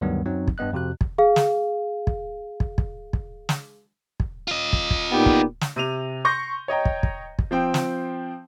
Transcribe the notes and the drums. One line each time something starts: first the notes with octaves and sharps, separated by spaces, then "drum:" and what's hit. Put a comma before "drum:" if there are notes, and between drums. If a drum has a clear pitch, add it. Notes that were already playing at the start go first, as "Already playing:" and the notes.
D2 G2 D#3 F#3 G3 B3
F#2 F#3 C4 D#4
drum: kick
G2 B3 D#5 F#6
F2 C3 F#4 F#6
drum: kick
G#4 F5
drum: snare
drum: kick
drum: kick
drum: kick
drum: kick
drum: snare
drum: kick
F4 D#5
drum: kick
drum: kick
A#2 B3 D#4 G4
drum: kick
drum: snare
C3 D#7 F7
C6 C#6 G6 A#6
C#5 D#5 G5 A#5
drum: kick
drum: kick
drum: kick
F3 C4 G5
drum: snare